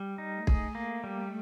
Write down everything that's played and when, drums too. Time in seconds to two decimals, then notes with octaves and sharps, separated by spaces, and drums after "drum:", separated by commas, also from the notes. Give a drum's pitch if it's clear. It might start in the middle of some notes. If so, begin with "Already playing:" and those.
Already playing: G3
0.18 D#4
0.33 A3
0.47 G#4, drum: kick
0.75 A#3
1.04 G3